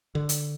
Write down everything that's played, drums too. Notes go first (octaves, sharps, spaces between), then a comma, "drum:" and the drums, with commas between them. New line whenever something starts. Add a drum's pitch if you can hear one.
D3
drum: hi-hat